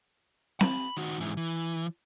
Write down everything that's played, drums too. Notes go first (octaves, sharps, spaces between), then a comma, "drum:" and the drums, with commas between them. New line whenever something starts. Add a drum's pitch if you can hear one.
B5, drum: snare C4
D#3 F#4
G#2 E3
E3